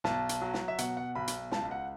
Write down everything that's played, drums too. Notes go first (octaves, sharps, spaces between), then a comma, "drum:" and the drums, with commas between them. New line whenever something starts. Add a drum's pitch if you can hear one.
B1 A5, drum: snare
drum: hi-hat
F#3
drum: snare
E5
B2 F#5, drum: hi-hat
F#5
B1 B5
drum: hi-hat
C#2 A5, drum: snare
F#5